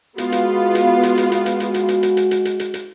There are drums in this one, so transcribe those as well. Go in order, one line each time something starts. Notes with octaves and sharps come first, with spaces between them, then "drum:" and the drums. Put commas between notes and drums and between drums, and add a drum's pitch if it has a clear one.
G#3 B3 F4 F#4, drum: hi-hat
drum: hi-hat
drum: hi-hat
drum: hi-hat
drum: hi-hat
drum: hi-hat
drum: hi-hat
drum: hi-hat
drum: hi-hat
drum: hi-hat
drum: hi-hat
drum: hi-hat
drum: hi-hat
drum: hi-hat
drum: hi-hat
drum: hi-hat